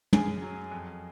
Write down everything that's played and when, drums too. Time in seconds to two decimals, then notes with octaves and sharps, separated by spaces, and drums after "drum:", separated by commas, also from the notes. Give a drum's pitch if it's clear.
0.13 F#2 G#4, drum: tom
0.42 F#3
0.71 F2